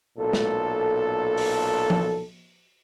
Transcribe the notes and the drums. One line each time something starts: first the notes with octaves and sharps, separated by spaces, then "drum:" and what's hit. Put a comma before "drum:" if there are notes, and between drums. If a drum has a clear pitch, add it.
B1 A#2 A4
drum: snare
drum: open hi-hat
drum: tom F3